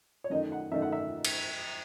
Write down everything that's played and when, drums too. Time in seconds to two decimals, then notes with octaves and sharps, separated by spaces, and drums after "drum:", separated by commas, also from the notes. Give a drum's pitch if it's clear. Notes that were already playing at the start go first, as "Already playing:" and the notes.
0.24 C#5
0.30 F#2 D#3 A3 D#4 D#5
0.52 F#5
0.72 F#2 D#3 A3 D#4 E5
0.82 F#5
0.92 E5
1.25 drum: cymbal